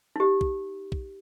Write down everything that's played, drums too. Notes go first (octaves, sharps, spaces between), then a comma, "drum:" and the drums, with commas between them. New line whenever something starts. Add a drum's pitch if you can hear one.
D#4 G4
drum: kick
drum: kick